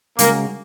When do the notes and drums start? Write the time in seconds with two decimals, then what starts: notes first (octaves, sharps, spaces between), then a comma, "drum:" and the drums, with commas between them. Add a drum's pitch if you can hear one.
0.19 C#3 G#3 A#3 C#4 F#4, drum: hi-hat